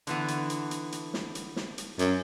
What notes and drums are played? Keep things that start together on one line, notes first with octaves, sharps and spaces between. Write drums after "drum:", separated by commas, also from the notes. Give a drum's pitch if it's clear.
D3 E3 B3, drum: hi-hat
drum: hi-hat
drum: hi-hat
drum: hi-hat
drum: hi-hat
drum: snare
drum: hi-hat
drum: snare
drum: hi-hat
F#2, drum: hi-hat